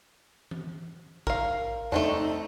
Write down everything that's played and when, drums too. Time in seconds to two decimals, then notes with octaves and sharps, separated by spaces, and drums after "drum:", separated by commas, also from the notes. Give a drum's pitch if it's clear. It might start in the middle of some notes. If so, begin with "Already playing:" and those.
0.51 drum: tom E3
1.27 A#4 F5, drum: kick A#1
1.92 A3 C4 D4 D#4, drum: tom E2